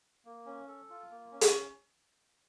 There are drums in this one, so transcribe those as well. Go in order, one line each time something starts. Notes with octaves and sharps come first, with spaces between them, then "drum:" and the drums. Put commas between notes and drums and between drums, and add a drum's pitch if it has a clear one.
A#3
C#4
A4
F4
A#3
C#4
drum: hi-hat